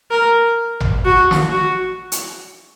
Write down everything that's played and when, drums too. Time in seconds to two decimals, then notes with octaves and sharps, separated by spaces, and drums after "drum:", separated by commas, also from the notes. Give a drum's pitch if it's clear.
0.11 A#4
0.80 drum: tom G#1
1.05 F#4
1.31 drum: snare
1.51 F#4
2.12 drum: hi-hat